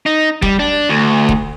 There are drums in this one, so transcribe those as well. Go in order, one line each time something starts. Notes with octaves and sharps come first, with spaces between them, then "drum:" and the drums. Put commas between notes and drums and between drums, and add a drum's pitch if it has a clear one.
D#4
G3, drum: kick
D4
D2
drum: kick